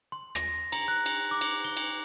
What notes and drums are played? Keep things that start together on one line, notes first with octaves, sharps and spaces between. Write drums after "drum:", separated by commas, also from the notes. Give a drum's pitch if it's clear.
C6
A#6, drum: rim click
A#5, drum: cymbal
F#6
drum: cymbal
D6
drum: cymbal
G7
drum: cymbal